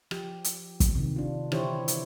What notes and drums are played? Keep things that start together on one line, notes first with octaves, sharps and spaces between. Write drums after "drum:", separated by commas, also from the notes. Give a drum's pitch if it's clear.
F3 G4, drum: rim click
drum: hi-hat
drum: kick, hi-hat
C3 D#3
D4 F4
D3 E3 E4 G4 C5 C#5, drum: rim click
drum: hi-hat